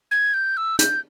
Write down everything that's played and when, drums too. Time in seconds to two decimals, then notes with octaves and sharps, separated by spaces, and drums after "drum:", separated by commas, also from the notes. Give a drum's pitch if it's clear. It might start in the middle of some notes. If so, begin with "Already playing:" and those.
0.11 G#6
0.34 G6
0.57 E6
0.79 G6, drum: hi-hat